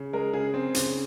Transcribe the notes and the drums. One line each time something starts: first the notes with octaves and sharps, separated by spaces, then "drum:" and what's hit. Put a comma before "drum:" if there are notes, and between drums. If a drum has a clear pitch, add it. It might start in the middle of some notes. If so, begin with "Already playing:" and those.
Already playing: C#3
G#3 A#4
C#3 G#4
C4
C#3, drum: hi-hat